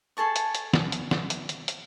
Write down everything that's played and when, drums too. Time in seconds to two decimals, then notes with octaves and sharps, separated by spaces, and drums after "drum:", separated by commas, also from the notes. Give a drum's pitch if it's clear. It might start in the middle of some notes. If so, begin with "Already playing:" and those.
0.17 G#4 A4 A5 C#6
0.36 drum: hi-hat
0.55 drum: hi-hat
0.73 drum: snare
0.92 drum: hi-hat
1.11 drum: snare
1.30 drum: hi-hat
1.49 drum: hi-hat
1.68 drum: hi-hat